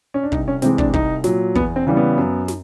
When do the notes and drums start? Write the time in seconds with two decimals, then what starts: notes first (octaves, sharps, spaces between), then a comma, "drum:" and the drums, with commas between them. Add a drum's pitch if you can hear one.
0.14 C#4
0.23 D4
0.32 C2 D#4, drum: kick
0.48 C#4
0.62 C3 E3 G#3 C4, drum: snare
0.78 D4, drum: kick
0.93 C2 D#4, drum: kick
1.24 A#2 F#3, drum: snare
1.55 E2 B3, drum: kick
1.76 C4
1.87 C#3 E3 G3
1.97 B3
2.18 F#2
2.48 drum: snare